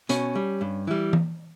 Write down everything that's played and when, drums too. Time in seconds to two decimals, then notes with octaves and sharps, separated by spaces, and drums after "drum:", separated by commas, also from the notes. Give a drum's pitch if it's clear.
0.09 B2 C#4, drum: hi-hat
0.35 G3
0.61 G2
0.87 E3 G3
1.13 drum: tom E3